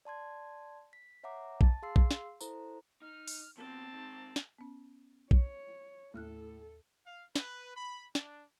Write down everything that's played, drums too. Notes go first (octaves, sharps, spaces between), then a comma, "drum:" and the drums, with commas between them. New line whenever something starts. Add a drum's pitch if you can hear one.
D5 A5 C6 G#6
B6
C#5 E5 F#5 A#5 D6
A5 A6, drum: kick
G#4 F5 C6 E6 C7
drum: kick
drum: snare
E4 A4 C5 A#5, drum: tambourine
D#4 F6
drum: open hi-hat
B2 F3 C4 A5
G#2 D#3
drum: snare
B3 C#4
C#5, drum: kick
D#2 A2 A4 F6 F#6
F5
B4, drum: snare
B5
D4, drum: snare